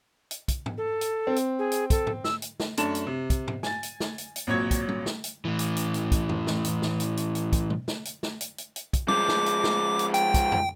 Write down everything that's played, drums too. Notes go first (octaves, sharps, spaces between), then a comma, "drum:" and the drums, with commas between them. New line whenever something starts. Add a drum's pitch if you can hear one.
drum: hi-hat
drum: kick, hi-hat
drum: tom G#2
A4
drum: hi-hat
C4
drum: hi-hat
G#4
drum: hi-hat
A4, drum: kick, hi-hat
drum: tom G#2
E6, drum: snare
drum: hi-hat
drum: snare
F#2 A3 D4 A5 E7, drum: hi-hat
drum: hi-hat
C3
drum: kick, hi-hat
drum: tom G#2
G#5 A6, drum: snare
drum: hi-hat
drum: snare
drum: hi-hat
drum: hi-hat
G#1 A#2 F#3 C#5 G#6
drum: kick, hi-hat
drum: tom G3
drum: snare
drum: hi-hat
A2 E3
drum: hi-hat
drum: hi-hat
drum: hi-hat
drum: kick, hi-hat
drum: tom F2
drum: snare
drum: hi-hat
drum: snare
drum: hi-hat
drum: hi-hat
drum: hi-hat
drum: kick, hi-hat
drum: tom B2
drum: snare
drum: hi-hat
drum: snare
drum: hi-hat
drum: hi-hat
drum: hi-hat
drum: kick, hi-hat
F3 G#3 D6, drum: tom G3
drum: snare
drum: hi-hat
drum: snare
drum: hi-hat
G5, drum: hi-hat
drum: kick, hi-hat
drum: tom F2